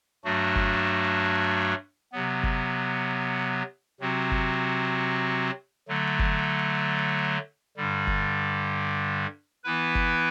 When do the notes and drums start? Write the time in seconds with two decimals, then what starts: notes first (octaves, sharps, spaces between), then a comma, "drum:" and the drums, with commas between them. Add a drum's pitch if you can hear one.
0.24 G2 F#3 A3 D4 F#4
0.55 drum: kick F#1
2.12 C3 F#3 B3
2.43 drum: kick F#1
4.01 C3 F#3 C4 F#4
4.31 drum: kick F#1
5.88 D3 F#3 A3
6.19 drum: kick F#1
7.76 G2 D3 G3
8.07 drum: kick F#1
9.64 E3 B3 E4 B4
9.95 drum: kick F#1